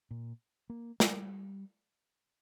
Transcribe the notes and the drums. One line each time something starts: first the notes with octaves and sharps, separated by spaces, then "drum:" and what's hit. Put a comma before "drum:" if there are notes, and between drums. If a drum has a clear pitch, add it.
A#2
A#3
G3, drum: snare